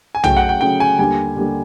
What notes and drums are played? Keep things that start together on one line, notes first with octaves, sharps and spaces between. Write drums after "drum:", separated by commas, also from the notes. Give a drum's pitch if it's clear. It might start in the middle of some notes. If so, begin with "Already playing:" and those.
G#5
C#3 F#3 A3 C#4 G5, drum: tom B1
F#5
G5
C#3 F#3 A3 C#4 G5
G#5
D#2 D3 G3 G#5
D#2 D3 G3